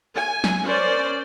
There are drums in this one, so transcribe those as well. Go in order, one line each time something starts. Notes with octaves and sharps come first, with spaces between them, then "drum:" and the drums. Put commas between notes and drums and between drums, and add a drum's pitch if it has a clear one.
G#5
drum: snare
C#4 A#4 C5 D5